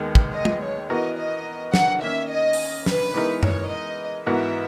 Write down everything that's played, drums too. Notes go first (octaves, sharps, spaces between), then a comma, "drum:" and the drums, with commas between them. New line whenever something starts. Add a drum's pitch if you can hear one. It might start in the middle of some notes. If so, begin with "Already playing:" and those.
Already playing: D#2 D#3 G#3 B3
drum: kick
D#5
drum: tom
C#5
E3 B3 F#4 A#4 D#5
D#5
F#5, drum: snare
D#3 A#3 C#4 E5
D#5
drum: open hi-hat
B4, drum: snare
E3 G#3 B3 D#4 A#4
C#5, drum: tom F#2
D#5
G#2 E3 B3 F#4 A#4 E5